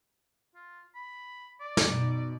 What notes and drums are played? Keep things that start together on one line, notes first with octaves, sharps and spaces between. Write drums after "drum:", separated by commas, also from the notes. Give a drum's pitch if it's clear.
F4
B5
D5
drum: snare
B2 D#4